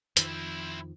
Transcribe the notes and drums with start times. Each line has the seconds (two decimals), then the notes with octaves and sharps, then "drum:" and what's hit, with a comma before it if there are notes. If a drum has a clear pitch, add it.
0.17 F2 D#3 F3 C4 E4, drum: hi-hat